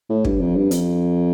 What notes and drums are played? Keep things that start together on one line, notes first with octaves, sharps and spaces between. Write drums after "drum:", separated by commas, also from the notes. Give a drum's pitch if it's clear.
A2
G2, drum: kick
F2
G2
F2, drum: hi-hat